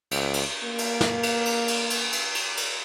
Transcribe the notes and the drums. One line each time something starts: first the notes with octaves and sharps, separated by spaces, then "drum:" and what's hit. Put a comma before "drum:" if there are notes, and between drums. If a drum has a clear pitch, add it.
C#2, drum: cymbal
drum: cymbal
A#3
drum: cymbal
drum: snare
drum: cymbal
drum: cymbal
drum: cymbal
drum: cymbal
drum: cymbal
drum: cymbal
drum: cymbal